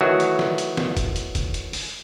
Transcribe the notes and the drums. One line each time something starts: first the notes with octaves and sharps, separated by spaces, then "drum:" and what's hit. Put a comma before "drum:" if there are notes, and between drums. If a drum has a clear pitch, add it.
D#3 E3 F#3 A3 F#4 C#5
drum: hi-hat
drum: snare
drum: hi-hat
drum: snare
drum: kick, hi-hat
drum: hi-hat
drum: kick, hi-hat
drum: hi-hat
drum: open hi-hat